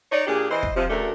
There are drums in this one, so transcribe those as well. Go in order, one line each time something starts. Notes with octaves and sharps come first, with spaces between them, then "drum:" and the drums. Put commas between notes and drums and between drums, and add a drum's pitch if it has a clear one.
D#4 C#5 D5
A#2 D4 G4 G#4
E3 C5 D#5
drum: kick
C3 F3
D2 C#3 A3 D4 F#4 A#4